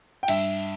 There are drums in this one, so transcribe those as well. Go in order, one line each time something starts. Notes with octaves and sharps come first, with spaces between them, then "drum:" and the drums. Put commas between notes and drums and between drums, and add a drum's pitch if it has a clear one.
G5
G2 E5, drum: cymbal